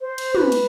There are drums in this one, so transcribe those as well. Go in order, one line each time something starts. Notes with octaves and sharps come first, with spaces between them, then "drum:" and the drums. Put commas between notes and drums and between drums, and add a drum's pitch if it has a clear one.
C5
drum: cymbal
B4, drum: tom
drum: cymbal